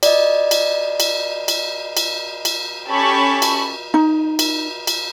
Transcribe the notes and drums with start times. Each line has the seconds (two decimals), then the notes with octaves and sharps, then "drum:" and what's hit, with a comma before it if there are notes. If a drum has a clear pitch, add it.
0.03 D5 D#5, drum: cymbal
0.51 drum: cymbal
1.00 drum: cymbal
1.48 drum: cymbal
1.97 drum: cymbal
2.45 drum: cymbal
2.88 C#4 G4 A4 A5 B5 C#6
3.42 drum: cymbal
3.94 D#4
4.39 drum: cymbal
4.87 drum: cymbal